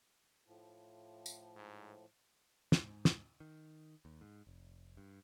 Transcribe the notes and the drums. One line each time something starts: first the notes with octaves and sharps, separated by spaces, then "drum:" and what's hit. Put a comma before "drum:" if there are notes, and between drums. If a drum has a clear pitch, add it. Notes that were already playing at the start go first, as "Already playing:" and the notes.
A2 F3
drum: tambourine
G#2
G#2, drum: snare
drum: snare
D#3
D#2
G#2
F1
G2